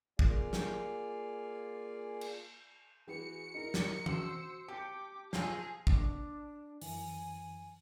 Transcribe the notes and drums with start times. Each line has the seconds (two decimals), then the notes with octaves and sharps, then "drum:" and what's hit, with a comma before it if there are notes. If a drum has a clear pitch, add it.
0.19 A#3 F4 G#4 D5 F5 G#5, drum: kick
0.53 drum: snare
2.21 drum: cymbal
3.07 E3 F#4 G#4 B4 C#7
3.54 D#4 E4 A#4
3.74 drum: snare
4.06 F#4 C5 E6, drum: tom E3
4.68 G4 G5 A5 D6 G6 C#7
5.33 F3 G#4 G#5 A5 E6 F6 A#6, drum: snare
5.87 D4, drum: kick
6.81 F#2 E3 G#5, drum: open hi-hat